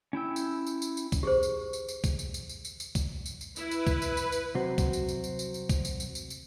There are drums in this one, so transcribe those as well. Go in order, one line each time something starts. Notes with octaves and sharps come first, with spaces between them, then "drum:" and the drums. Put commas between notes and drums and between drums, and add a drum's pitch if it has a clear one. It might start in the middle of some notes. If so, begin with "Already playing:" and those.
C#4 E4 G5 E6
drum: tambourine
drum: tambourine
drum: tambourine
drum: tambourine
drum: kick, tambourine
G4 G#4 C5
drum: tambourine
drum: tambourine
drum: tambourine
drum: kick, tambourine
drum: tambourine
drum: tambourine
drum: tambourine
drum: tambourine
drum: tambourine
drum: kick, tambourine
drum: tambourine
drum: tambourine
E4 B4, drum: tambourine
drum: tambourine
drum: kick, tambourine
drum: tambourine
drum: tambourine
drum: tambourine
C2 C3 F#3 F#4 C5
drum: kick, tambourine
drum: tambourine
drum: tambourine
drum: tambourine
drum: tambourine
drum: tambourine
drum: kick, tambourine
drum: tambourine
drum: tambourine
drum: tambourine
drum: tambourine